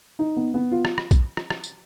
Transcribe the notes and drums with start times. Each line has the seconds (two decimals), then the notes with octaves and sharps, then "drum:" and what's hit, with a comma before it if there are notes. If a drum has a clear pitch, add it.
0.19 D#4
0.37 B3
0.54 B3
0.72 F4
0.85 drum: rim click
0.98 drum: rim click
1.11 drum: kick A#1, tambourine
1.37 drum: rim click
1.50 drum: rim click
1.64 drum: tambourine